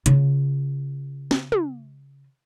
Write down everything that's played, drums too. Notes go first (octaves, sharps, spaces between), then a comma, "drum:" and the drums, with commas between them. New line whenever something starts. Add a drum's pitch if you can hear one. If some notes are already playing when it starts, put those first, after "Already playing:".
C#3 F4, drum: hi-hat
drum: snare
drum: tom